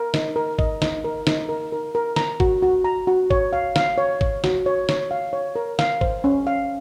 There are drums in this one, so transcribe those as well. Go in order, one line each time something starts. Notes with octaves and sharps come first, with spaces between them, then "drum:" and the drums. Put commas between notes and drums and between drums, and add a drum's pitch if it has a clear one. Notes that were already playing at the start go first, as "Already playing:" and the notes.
Already playing: A#4
D#4, drum: snare
A#4
D#5, drum: kick
D#4, drum: snare
A#4
D#4, drum: snare
A#4
A#4
A#4
A#5, drum: snare
F#4, drum: kick
F#4
A#5
F#4
C#5, drum: kick
F5
F5, drum: snare
C#5
C#5, drum: kick
F#4, drum: snare
C#5
C#5, drum: snare
F5
C#5
A#4
F5, drum: snare
C5, drum: kick
C#4
F5